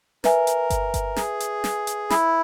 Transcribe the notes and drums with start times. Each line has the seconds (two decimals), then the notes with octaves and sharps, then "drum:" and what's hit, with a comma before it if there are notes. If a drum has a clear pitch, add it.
0.24 A#4 B4 E5 G#5, drum: snare
0.47 drum: hi-hat
0.70 drum: kick G1, hi-hat
0.94 drum: kick G1, hi-hat
1.16 G#4, drum: snare
1.40 drum: hi-hat
1.64 drum: snare
1.87 drum: hi-hat
2.10 E4, drum: snare